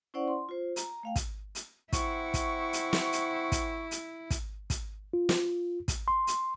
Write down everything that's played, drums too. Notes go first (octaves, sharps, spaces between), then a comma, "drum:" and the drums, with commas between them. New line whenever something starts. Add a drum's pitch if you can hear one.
C#4 E4 C5 D5 F#5 C#6
C6
F4 C5
A#5, drum: hi-hat
A3 F5 G5
drum: kick, hi-hat
drum: hi-hat
C4 E4 F#5 C#6, drum: kick, hi-hat
drum: kick, hi-hat
drum: hi-hat
drum: snare
drum: hi-hat
drum: kick, hi-hat
drum: hi-hat
drum: kick, hi-hat
drum: kick, hi-hat
F4
drum: snare
drum: kick, hi-hat
C6
drum: hi-hat